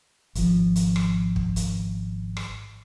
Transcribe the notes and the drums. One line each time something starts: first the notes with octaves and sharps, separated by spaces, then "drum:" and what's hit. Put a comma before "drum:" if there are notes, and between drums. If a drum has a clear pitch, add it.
G#1 F3, drum: hi-hat
drum: hi-hat
drum: rim click
drum: kick
drum: hi-hat
drum: rim click